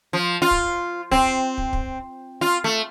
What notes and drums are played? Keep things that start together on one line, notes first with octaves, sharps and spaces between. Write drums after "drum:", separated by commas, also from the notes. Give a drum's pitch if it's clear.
F3
F4
drum: kick
C4, drum: kick
drum: kick
drum: kick
F4
A3